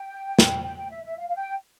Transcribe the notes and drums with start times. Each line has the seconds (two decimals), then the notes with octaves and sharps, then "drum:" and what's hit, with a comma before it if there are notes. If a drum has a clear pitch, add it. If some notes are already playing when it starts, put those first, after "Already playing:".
Already playing: G5
0.39 drum: snare
0.63 G5
0.77 G5
0.90 E5
1.04 E5
1.17 F5
1.28 F5
1.35 G5